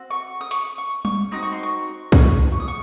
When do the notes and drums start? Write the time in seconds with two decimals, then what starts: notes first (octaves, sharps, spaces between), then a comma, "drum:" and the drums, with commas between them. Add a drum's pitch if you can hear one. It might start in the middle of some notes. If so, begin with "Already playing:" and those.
Already playing: C4 F#4
0.10 C#6
0.41 D#6
0.51 C#6, drum: hi-hat
0.78 C#6
1.05 C#6, drum: tom G3
1.31 C4 D#4 F#4 D#6
1.42 C#6
1.53 C6
1.63 C#6
2.12 C#6, drum: kick
2.52 C#6
2.60 D#6
2.68 C#6